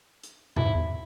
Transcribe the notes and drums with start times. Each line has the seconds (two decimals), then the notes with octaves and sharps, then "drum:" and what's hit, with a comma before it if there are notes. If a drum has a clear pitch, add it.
0.23 drum: hi-hat
0.56 B2 E4, drum: tom F2
0.66 G#2
0.75 E2